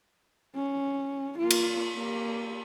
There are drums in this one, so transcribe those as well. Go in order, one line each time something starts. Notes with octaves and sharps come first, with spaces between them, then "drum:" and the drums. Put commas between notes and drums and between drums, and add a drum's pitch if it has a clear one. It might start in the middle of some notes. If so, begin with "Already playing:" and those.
C#4
A#3 F4
drum: cymbal
A#3 G4